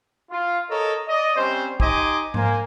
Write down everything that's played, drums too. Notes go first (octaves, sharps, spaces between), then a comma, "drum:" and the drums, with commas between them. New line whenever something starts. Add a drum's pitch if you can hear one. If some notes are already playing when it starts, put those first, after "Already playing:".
F4
A4 A#4 C#5 D#5
D5 D#5
G3 C4 C#4 C5
D#4 G4 C5 D#5 G#5 D6, drum: kick
A#3 C5 G#5, drum: tom G#2